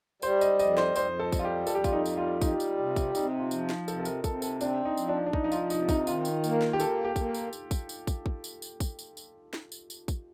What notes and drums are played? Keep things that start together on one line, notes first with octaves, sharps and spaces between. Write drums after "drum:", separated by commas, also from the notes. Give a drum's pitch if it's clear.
G3 C5, drum: tambourine
D#5, drum: tambourine
F2 D#5, drum: tambourine
C5, drum: snare
F2 C5, drum: tambourine
A4
G3, drum: kick, tambourine
F4
G4
F2 A4, drum: tambourine
G4
F4, drum: kick, tambourine
D#4
G3, drum: tambourine
F4
G3 D#4, drum: kick, tambourine
drum: tambourine
C3
drum: kick, tambourine
C3 D#4, drum: tambourine
F4
F3, drum: tambourine
drum: snare
C3 A4, drum: tambourine
A4
A#4, drum: tambourine
C3 A4, drum: kick, tambourine
A4, drum: tambourine
C4 D4, drum: tambourine
D#4
F3, drum: tambourine
D4
D4
F3 D#4, drum: kick
D#4
F4, drum: tambourine
C3 D#4, drum: tambourine
D#4, drum: kick, tambourine
D#3 F4, drum: tambourine
drum: tambourine
A#3, drum: tambourine
drum: snare
G4
A#3 A4, drum: tambourine
G4
A#3, drum: kick, tambourine
drum: tambourine
drum: tambourine
drum: kick, tambourine
drum: tambourine
drum: kick, tambourine
drum: kick
drum: tambourine
drum: tambourine
drum: kick, tambourine
drum: tambourine
drum: tambourine
drum: snare
drum: tambourine
drum: tambourine
drum: kick, tambourine